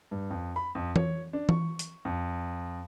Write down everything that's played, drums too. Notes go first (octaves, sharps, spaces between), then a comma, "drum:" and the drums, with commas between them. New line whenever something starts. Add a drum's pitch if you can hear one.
G2
F2
B5
F2
C#5, drum: tom E3
D4
C#6, drum: tom E3
drum: hi-hat
F2